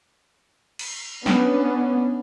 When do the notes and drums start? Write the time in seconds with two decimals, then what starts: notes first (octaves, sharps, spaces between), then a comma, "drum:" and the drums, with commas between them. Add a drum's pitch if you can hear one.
0.79 drum: cymbal
1.26 B3 C#4 D4, drum: snare